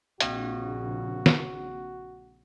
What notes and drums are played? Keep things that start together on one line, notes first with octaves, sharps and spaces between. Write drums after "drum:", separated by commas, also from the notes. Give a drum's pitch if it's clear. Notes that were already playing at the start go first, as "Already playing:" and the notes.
A#1 C#3 A#3 C4 D4 F#4, drum: hi-hat
drum: snare